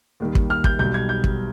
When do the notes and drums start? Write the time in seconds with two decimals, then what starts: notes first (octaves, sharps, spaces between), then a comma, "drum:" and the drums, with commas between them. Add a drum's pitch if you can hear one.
0.20 D#2 D#3 G3
0.35 drum: kick
0.50 F6
0.64 G6, drum: kick
0.79 B1 B2 G3 G6
0.94 G#6
1.09 G6
1.24 drum: kick